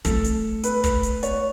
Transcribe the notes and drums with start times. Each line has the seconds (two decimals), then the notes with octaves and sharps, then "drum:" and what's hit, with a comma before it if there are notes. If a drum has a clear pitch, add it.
0.05 A3 A4, drum: kick, hi-hat
0.25 drum: hi-hat
0.64 B4, drum: hi-hat
0.84 drum: kick, hi-hat
1.03 drum: hi-hat
1.23 C#5, drum: hi-hat